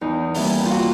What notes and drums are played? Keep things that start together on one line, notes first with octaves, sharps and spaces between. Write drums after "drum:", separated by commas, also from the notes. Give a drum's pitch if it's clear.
E2 D#4
C3 E3 G3 A#3 E4, drum: open hi-hat
F4
F#4